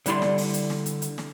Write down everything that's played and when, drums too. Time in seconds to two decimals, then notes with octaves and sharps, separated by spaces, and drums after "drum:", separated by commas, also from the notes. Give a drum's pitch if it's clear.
0.06 D3 G3 E4 D5 C6, drum: hi-hat
0.22 drum: snare
0.38 drum: open hi-hat
0.54 drum: hi-hat
0.70 drum: snare
0.86 drum: hi-hat
1.02 drum: hi-hat
1.18 drum: snare